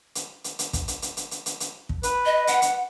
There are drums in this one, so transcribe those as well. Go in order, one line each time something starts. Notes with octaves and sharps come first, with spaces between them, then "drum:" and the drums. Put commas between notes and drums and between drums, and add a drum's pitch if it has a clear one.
drum: hi-hat
drum: hi-hat
drum: hi-hat
drum: kick, hi-hat
drum: hi-hat
drum: hi-hat
drum: hi-hat
drum: hi-hat
drum: hi-hat
drum: hi-hat
drum: kick
B4, drum: hi-hat
D#5
F#5, drum: hi-hat
drum: hi-hat